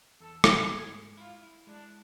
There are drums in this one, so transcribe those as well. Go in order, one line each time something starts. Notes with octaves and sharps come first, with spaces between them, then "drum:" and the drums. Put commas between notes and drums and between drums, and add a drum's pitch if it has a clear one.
E2 A4
E2, drum: rim click
G#2 G#4
G#3
E4 F4
E4
G#3 D4